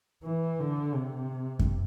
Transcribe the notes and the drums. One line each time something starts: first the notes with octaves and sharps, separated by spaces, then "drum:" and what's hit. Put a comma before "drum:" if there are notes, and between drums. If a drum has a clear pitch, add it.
E3
D3
C3
drum: kick F#2